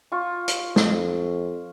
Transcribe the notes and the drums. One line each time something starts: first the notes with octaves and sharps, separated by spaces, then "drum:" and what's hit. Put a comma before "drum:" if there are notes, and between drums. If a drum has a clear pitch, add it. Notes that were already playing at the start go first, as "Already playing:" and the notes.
F4 C#6
drum: hi-hat
F2, drum: snare